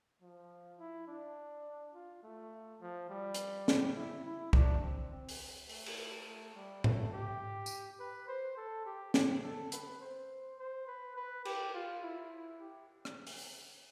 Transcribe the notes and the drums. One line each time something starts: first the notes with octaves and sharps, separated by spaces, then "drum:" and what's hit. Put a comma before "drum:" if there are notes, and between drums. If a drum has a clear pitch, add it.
F3
E4
D4
F4
A3
F3
G3
drum: hi-hat
drum: snare
E4
E4
D4, drum: kick
C4
C4
drum: open hi-hat
A3, drum: open hi-hat
drum: cymbal
A3
G3
A3, drum: tom G#2
G4
drum: tambourine
B4
C5
A4
G4
G4, drum: snare
A4
B4, drum: hi-hat
C5
C5
B4
B4
G4, drum: cymbal
F4
E4
G4
drum: rim click
drum: open hi-hat